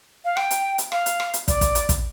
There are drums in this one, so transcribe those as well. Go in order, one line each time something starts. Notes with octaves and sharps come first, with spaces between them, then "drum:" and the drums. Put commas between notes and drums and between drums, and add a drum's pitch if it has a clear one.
F5
G5, drum: rim click
drum: hi-hat
drum: hi-hat
F5, drum: rim click
drum: hi-hat
drum: rim click
drum: hi-hat
D5, drum: kick, hi-hat
drum: kick, hi-hat
drum: hi-hat
drum: kick, hi-hat